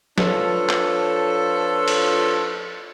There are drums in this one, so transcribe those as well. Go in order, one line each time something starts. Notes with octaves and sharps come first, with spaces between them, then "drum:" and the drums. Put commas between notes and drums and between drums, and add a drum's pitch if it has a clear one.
F3 D4 F4 A4 B4 C#5, drum: snare
drum: clap
drum: cymbal